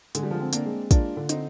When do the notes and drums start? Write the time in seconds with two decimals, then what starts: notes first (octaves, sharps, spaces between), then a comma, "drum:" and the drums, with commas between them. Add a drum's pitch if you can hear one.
0.15 D3 G#3, drum: hi-hat
0.23 G3
0.31 F3 G#3
0.40 C4
0.53 A#3 D4, drum: hi-hat
0.66 G#3
0.91 A#3 D4 F4, drum: kick, hi-hat
1.17 D3
1.29 C4 D#4, drum: hi-hat